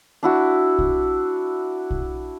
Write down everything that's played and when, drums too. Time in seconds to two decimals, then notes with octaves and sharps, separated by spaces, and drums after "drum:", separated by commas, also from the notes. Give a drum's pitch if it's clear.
0.23 D4 E4 F#4
0.79 drum: kick
1.91 drum: kick